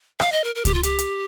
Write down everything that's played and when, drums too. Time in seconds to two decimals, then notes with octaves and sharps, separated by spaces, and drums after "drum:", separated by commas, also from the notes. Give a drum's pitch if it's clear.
0.20 F5, drum: rim click
0.32 D#5
0.44 A#4
0.55 A#4
0.65 G4, drum: kick C#2, hi-hat
0.74 F4
0.83 G4, drum: hi-hat
0.99 drum: hi-hat